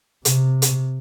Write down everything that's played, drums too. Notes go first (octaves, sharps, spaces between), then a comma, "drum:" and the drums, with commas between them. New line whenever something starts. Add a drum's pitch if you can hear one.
C3, drum: hi-hat
drum: hi-hat